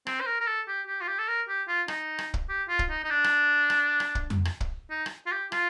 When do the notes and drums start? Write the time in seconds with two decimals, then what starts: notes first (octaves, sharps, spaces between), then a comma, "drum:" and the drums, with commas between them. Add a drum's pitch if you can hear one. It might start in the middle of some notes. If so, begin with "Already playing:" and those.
0.07 C4, drum: rim click
0.21 C5
0.26 A#4
0.40 A#4
0.47 A4
0.68 G4
0.87 G4
1.01 F4
1.08 G4
1.18 A4
1.28 A#4
1.49 G4
1.68 F4
1.88 D#4, drum: rim click
2.19 drum: rim click
2.34 drum: kick
2.49 G4
2.68 F4
2.79 drum: kick
2.90 D#4
3.04 D#4
3.10 D4
3.24 drum: rim click
3.70 drum: rim click
4.00 drum: rim click
4.15 drum: kick
4.30 drum: tom F2
4.45 drum: rim click
4.60 drum: kick
4.90 D#4
5.06 drum: rim click
5.26 F4
5.31 G4
5.52 F4, drum: rim click